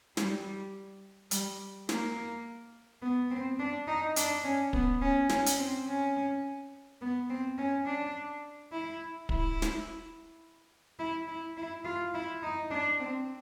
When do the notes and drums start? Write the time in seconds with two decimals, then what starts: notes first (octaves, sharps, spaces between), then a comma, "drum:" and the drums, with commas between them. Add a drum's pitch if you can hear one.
0.17 G3, drum: snare
1.31 G3, drum: hi-hat
1.89 A#3, drum: snare
3.02 B3
3.31 C4
3.59 D4
3.88 D#4
4.16 D4, drum: hi-hat
4.44 C#4
4.73 B3, drum: kick
5.02 C#4
5.29 C#4, drum: snare
5.46 drum: hi-hat
5.59 C4
5.87 C#4
7.01 B3
7.29 C4
7.58 C#4
7.86 D4
8.72 E4
9.29 E4, drum: kick
9.62 drum: snare
10.99 E4
11.28 E4
11.57 E4
11.85 F4
12.14 E4
12.43 D#4
12.71 D4
12.99 C4